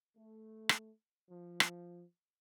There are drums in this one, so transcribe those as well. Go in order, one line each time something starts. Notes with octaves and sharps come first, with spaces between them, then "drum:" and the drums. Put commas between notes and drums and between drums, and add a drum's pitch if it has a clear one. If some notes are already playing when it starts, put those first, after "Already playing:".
A3
drum: rim click
F3
drum: rim click